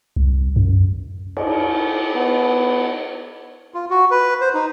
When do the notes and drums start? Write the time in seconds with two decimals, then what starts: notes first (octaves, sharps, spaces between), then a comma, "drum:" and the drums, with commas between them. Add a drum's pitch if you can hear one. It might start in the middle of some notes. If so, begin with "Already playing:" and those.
0.16 C2
0.56 F#2
1.37 drum: cymbal
2.16 B3
3.74 F4
3.90 F#4
4.11 B4
4.41 C5
4.54 D#4